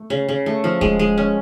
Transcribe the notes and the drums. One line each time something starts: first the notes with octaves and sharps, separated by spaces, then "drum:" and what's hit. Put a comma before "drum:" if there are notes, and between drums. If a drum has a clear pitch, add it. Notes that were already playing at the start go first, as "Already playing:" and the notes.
Already playing: A3
C#3
C#3
A3
F3
G#3, drum: kick D1
G#3
C#4